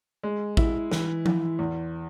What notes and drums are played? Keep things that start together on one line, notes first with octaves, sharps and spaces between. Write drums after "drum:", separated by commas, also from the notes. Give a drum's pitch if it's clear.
G#3
E4, drum: kick A1
E3, drum: snare
E3, drum: tom F3
E2